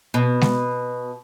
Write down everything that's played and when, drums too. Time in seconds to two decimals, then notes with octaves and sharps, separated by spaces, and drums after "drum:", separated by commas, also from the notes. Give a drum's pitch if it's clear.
0.14 B2
0.41 drum: snare G#3